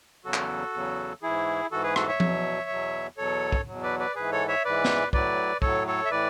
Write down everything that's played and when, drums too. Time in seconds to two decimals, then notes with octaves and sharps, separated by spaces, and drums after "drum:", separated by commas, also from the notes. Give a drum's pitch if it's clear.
0.24 E2 C#3 F#3 F#4 A4
0.34 drum: clap
0.74 E2 C#3 F#3
1.22 G#2 E3 E4 G#4
1.71 G#2 E3 F#4 A4
1.83 G#4 B4
1.96 F#4 A4, drum: rim click
2.08 C#5 E5
2.20 E2 B2 F#3, drum: tom F3
2.70 E2 B2 F#3
3.17 E2 B2 F#3 A4 C#5
3.52 drum: kick
3.67 E2 B2 F#3
3.83 B4 D5
3.99 B4 D5
4.15 G#2 E3 G#4 B4
4.32 A4 C#5
4.48 C#5 E5
4.65 G#2 E3 B4 D5
4.85 drum: snare
5.13 A2 F#3 B4 D5, drum: kick
5.62 A2 F#3 A4 C#5, drum: kick
5.87 A4 C#5
6.05 E5
6.11 A2 E3 B4 D5